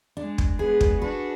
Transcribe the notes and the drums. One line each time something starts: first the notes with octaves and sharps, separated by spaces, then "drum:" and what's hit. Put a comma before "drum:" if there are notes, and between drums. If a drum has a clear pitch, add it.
G#3 D4
drum: kick
G#3 B3 G#4
drum: kick
D4 F#4 B4